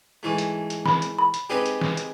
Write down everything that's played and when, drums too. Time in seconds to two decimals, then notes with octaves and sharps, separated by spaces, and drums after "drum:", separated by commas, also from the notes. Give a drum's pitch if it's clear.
0.23 G#2 E3 A3
0.38 drum: hi-hat
0.70 drum: hi-hat
0.86 B5, drum: snare
1.02 drum: hi-hat
1.18 B5
1.34 drum: hi-hat
1.50 G#3 C4 D#4 G4 B4
1.66 drum: hi-hat
1.81 drum: snare
1.97 drum: hi-hat